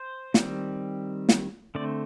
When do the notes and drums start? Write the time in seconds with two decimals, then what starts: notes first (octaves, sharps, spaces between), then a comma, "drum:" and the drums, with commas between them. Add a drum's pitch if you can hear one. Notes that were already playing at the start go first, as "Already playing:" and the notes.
Already playing: C5
0.34 D#3 G3 C4, drum: snare
1.29 drum: snare
1.75 D3 A3 C4 D5